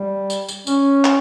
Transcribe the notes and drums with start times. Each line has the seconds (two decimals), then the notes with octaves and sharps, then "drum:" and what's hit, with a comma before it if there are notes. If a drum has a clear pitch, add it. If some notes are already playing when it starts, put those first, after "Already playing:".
Already playing: G3
0.30 drum: tambourine
0.48 drum: tambourine
0.67 C#4, drum: tambourine
1.05 drum: clap